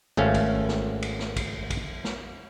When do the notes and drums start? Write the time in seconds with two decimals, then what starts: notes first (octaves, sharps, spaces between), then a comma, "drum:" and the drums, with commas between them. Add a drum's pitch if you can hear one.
0.17 G#1 A3 C#4 F5
0.34 drum: kick, cymbal
0.68 drum: snare
1.02 drum: cymbal
1.19 drum: snare
1.36 drum: kick, cymbal
1.70 drum: kick, cymbal
2.05 drum: snare